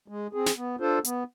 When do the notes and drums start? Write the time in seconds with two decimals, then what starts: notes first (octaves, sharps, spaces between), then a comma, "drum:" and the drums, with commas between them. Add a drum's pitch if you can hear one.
0.08 G#3
0.33 C4 G#4
0.46 drum: snare
0.57 B3
0.80 D4 F4 A4 C5
1.04 B3, drum: hi-hat